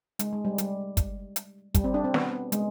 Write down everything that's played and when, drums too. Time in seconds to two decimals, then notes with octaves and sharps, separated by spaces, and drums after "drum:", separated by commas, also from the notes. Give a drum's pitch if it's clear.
0.19 G#3, drum: hi-hat
0.33 G#3
0.45 G3
0.58 G3, drum: hi-hat
0.97 drum: kick, hi-hat
1.36 drum: hi-hat
1.75 G3, drum: kick, hi-hat
1.84 C4
1.94 D4
2.04 C4
2.14 B3, drum: snare
2.52 G#3, drum: hi-hat